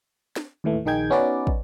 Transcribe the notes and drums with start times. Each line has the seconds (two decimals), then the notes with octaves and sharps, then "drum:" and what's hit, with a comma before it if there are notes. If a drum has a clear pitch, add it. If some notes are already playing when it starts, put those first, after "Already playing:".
0.36 drum: snare
0.64 D#2 A2 E3 A3
0.86 A#1 D#3 D#4 G#4 G5 G#6
1.10 B3 C#4 D#4 F#4 B4 D5
1.47 drum: kick